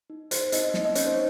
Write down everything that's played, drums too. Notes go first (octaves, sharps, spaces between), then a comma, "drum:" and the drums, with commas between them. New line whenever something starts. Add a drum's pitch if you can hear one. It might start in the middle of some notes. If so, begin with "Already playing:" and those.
D#4
G#4 C5, drum: hi-hat
C4 D#4 D#5, drum: hi-hat
A#3, drum: snare
D#4 D#5
C#4 C#5, drum: hi-hat
C5